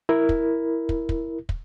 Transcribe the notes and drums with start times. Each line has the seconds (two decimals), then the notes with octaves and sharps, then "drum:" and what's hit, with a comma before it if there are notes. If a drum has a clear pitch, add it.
0.09 E4 A#4
0.29 drum: kick
0.89 drum: kick
1.09 drum: kick
1.49 drum: kick